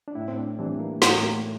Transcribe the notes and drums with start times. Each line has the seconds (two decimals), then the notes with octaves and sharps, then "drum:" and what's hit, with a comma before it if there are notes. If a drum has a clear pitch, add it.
0.08 D4
0.15 A2 E4
0.28 C4
0.38 D4
0.58 E3 G3 C4 D4
0.80 A#3
1.02 A2 A3, drum: snare
1.23 A#3